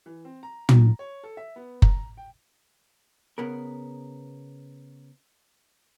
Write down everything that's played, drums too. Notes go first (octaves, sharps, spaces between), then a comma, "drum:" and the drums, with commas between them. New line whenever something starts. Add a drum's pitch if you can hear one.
E3
C4
A#5
A#5, drum: tom
C#5
A4
E5
B3
A#5, drum: kick F#1
G5
C#3 B3 A#4